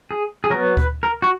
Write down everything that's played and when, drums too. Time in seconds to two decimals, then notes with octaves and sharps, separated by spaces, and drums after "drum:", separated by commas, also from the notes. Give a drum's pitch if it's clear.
0.11 G#4
0.44 G#4
0.50 F#3 B3 A#4
0.77 B4, drum: kick D2
1.03 A#4
1.22 F#4